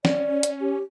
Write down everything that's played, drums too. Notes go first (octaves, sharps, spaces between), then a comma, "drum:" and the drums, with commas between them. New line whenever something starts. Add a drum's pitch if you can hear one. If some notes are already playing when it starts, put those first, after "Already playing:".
C#4 D5, drum: snare
drum: hi-hat
G4